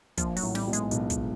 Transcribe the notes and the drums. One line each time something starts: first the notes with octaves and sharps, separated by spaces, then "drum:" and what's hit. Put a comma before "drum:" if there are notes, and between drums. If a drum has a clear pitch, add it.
A#1 A#2 F3, drum: kick, hi-hat
F#3, drum: open hi-hat
A1 A2
G3, drum: snare
B1 B2
G#3, drum: hi-hat
B1 B2, drum: hi-hat
drum: kick, hi-hat